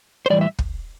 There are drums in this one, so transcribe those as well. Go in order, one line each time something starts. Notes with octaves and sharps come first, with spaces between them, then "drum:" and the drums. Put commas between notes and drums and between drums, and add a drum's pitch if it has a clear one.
C5
A2 E3 G3 D5
E5
drum: kick